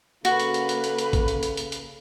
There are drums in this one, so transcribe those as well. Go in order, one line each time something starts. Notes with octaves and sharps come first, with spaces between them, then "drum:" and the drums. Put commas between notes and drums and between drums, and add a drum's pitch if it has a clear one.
C#3 A#3 F#4 A4 B4, drum: hi-hat
drum: hi-hat
drum: hi-hat
drum: hi-hat
drum: hi-hat
drum: hi-hat
drum: kick A1, hi-hat
drum: hi-hat
drum: hi-hat
drum: hi-hat
drum: hi-hat